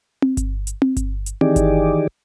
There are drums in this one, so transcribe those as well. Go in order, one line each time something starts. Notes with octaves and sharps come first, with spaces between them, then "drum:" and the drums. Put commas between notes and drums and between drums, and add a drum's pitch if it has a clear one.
drum: tom C4
drum: kick G1, hi-hat
drum: hi-hat
drum: tom C4
drum: kick G1, hi-hat
drum: hi-hat
D#3 E3 D#4 G4 G#4 D5, drum: tom C4
drum: kick G1, hi-hat